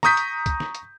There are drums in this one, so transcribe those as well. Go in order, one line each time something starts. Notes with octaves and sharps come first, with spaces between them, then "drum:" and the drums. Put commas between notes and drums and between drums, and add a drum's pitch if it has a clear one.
A#5 C#6 D#6 G6 B6, drum: snare
drum: hi-hat
drum: kick, hi-hat
drum: snare
drum: hi-hat